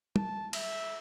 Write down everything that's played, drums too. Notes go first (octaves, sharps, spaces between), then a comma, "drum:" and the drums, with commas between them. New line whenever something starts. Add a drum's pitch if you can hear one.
A5, drum: tom
E5, drum: cymbal